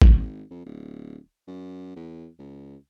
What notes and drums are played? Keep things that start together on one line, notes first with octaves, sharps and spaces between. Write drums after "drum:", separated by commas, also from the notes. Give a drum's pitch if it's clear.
G#1, drum: kick
F2
D1
F#2
E2
C#2